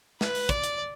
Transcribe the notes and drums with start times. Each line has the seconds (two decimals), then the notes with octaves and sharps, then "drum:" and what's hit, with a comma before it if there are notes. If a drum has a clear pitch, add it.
0.21 B4, drum: snare
0.35 drum: open hi-hat
0.49 D5, drum: kick, hi-hat
0.64 drum: hi-hat